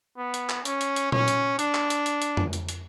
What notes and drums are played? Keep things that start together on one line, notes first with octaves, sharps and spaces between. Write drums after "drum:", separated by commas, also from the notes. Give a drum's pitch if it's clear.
B3
drum: hi-hat
drum: clap
C#4, drum: hi-hat
drum: hi-hat
drum: hi-hat
C#4, drum: tom A#2
drum: hi-hat
D4, drum: hi-hat
drum: clap
drum: hi-hat
drum: hi-hat
drum: hi-hat
drum: tom F2
drum: hi-hat
drum: hi-hat